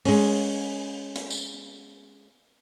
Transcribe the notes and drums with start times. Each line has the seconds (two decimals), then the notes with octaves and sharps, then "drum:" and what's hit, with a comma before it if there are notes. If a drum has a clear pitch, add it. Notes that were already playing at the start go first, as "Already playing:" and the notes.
0.05 G#3 C#4, drum: open hi-hat
1.16 drum: hi-hat
1.30 drum: tambourine